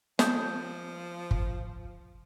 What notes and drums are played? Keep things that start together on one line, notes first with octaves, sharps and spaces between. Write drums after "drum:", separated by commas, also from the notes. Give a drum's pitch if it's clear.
F3 A5 D#6 G6, drum: snare
drum: kick